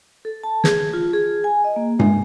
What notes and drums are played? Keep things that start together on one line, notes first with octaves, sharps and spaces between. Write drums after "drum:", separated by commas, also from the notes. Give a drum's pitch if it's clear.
A4
A5
G#4, drum: snare
F4
G#4
G#5
D#5
A#3
G#3, drum: tom G2